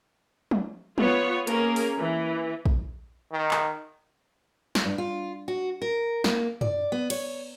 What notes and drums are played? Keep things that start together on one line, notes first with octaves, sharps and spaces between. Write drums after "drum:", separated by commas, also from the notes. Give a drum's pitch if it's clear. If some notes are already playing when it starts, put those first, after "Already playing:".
drum: tom
B3 F4 C#5, drum: tom
A#3 C#4 G#4 A#4, drum: hi-hat
drum: open hi-hat
E3
drum: kick A#1
D#3
drum: clap
drum: snare
G2
F4
F#4
A#4
A#3, drum: snare
D5, drum: tom
B3
C#5, drum: cymbal